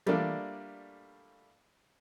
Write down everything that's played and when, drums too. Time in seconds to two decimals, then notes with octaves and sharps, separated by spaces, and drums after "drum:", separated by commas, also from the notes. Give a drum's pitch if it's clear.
0.06 G3 A3 A#3 D4 F4, drum: tom E3